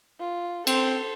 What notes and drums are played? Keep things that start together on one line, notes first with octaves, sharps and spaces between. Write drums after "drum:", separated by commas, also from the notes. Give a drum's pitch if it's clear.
F4
C4 A4 C5, drum: cymbal